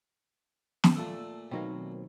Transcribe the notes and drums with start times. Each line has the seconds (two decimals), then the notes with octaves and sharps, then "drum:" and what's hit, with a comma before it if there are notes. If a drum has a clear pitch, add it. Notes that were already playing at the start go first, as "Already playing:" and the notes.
0.84 drum: snare
0.96 A#2 A3 A5 E6
1.51 B2 D#3 F#3 A#3 C4